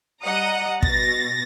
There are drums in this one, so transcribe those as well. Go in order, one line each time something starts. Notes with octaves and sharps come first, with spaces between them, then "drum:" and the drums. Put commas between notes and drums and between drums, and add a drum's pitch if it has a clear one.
G3 D#5 F#5 A#5 D#6
B2 A6 A#6, drum: kick